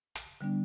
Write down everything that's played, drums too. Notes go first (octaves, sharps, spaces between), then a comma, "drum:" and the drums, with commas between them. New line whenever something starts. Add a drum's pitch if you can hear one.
drum: hi-hat
D3 G3 B3 D4